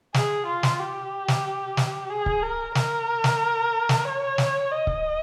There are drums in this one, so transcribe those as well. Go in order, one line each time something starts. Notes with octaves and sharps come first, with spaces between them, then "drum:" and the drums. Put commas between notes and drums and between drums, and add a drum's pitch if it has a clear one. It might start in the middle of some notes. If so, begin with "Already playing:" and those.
G#4, drum: snare
F4
drum: snare
G4
drum: snare
drum: snare
G#4
drum: kick C#1
A#4
A#4, drum: snare
drum: snare
drum: snare
C#5
drum: snare
D#5
drum: kick C#1